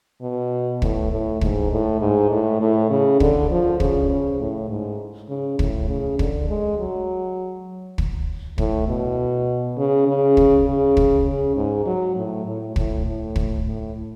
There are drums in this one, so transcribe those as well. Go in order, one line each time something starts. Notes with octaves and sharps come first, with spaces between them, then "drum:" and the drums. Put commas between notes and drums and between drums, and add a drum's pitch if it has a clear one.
B2
A2, drum: kick
A2
G#2, drum: kick
A2
G#2
A2
A2
C#3
D3, drum: kick
F3
C#3, drum: kick
C#3
A2
G#2
C#3
A2, drum: kick
C#3
D3, drum: kick
G#3
F#3
drum: kick
A2, drum: kick
B2
C#3
C#3
drum: kick
C#3
drum: kick
C#3
G#2
F#3
A2
A2
A2, drum: kick
A2
drum: kick
A2